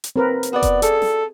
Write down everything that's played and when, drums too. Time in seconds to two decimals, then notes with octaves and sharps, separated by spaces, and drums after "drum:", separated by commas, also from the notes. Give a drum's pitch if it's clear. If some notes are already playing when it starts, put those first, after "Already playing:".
0.04 drum: hi-hat
0.16 C4 A#4 B4
0.43 drum: hi-hat
0.53 B3 F#4 D5
0.62 drum: kick F1, hi-hat
0.82 G#4 A4, drum: hi-hat
1.02 drum: snare